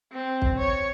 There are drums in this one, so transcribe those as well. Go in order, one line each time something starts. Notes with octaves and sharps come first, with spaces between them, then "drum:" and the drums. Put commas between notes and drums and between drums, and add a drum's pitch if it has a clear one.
C4
drum: kick
C#5